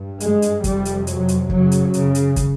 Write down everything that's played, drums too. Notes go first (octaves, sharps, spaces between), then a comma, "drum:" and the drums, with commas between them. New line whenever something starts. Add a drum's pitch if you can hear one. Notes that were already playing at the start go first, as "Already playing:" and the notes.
Already playing: G2
G#3, drum: hi-hat
drum: hi-hat
F2 C3 G3, drum: kick, hi-hat
drum: hi-hat
F#3, drum: hi-hat
drum: hi-hat
F#2 C#3 F#3, drum: kick
drum: hi-hat
C#3, drum: hi-hat
drum: hi-hat
drum: kick, hi-hat